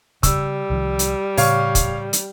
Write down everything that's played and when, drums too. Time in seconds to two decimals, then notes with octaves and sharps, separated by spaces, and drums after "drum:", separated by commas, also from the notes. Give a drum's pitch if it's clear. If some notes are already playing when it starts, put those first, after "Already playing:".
0.23 C#3 G3 E6, drum: kick, hi-hat
0.70 C2 D#3 F3
0.99 drum: hi-hat
1.37 A2 C#3 C#5 F5, drum: open hi-hat
1.75 drum: kick, hi-hat
2.13 drum: hi-hat